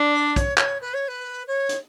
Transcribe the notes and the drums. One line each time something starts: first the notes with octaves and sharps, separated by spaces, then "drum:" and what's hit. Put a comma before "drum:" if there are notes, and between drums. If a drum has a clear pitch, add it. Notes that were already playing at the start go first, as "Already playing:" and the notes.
Already playing: D4
D5
C#5, drum: kick, hi-hat
C#5, drum: clap
B4
C#5
B4
C#5
drum: hi-hat